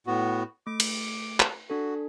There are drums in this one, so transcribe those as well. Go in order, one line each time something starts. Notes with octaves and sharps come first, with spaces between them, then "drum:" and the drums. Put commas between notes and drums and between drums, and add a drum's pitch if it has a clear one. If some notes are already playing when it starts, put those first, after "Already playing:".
A2 B3 F#4
A3 D6
drum: cymbal
drum: clap
D4 F#4 A4